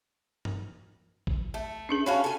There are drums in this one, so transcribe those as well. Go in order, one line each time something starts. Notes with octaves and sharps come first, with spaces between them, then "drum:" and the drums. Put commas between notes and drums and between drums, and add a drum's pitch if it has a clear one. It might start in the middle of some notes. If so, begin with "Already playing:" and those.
drum: tom G2
drum: kick A#1
A3
C#4 D4 G#4
C#4 F#4 F5 A5 B5
A4 G#5